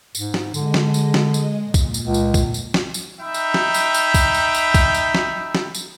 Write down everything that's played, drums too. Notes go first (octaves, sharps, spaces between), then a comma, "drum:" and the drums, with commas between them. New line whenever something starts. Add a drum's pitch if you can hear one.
G#2, drum: tambourine
drum: snare
D3 G#3 D#5, drum: tambourine
drum: snare
drum: tambourine
drum: snare
drum: tambourine
A#2
drum: kick, tambourine
drum: tambourine
C#2
drum: tambourine
drum: kick, tambourine
drum: tambourine
drum: snare
drum: tambourine
D#4 E5 G5 B5
drum: tambourine
drum: snare
drum: tambourine
drum: tambourine
drum: kick, tambourine
drum: tambourine
drum: tambourine
drum: kick, tambourine
drum: tambourine
drum: snare
drum: snare
drum: tambourine